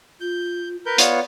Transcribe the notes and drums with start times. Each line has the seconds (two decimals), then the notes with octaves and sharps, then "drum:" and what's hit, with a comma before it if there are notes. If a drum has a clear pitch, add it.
0.21 F4 G6
0.86 A#4 B4 G6
0.98 B3 F4 C#5 D5, drum: hi-hat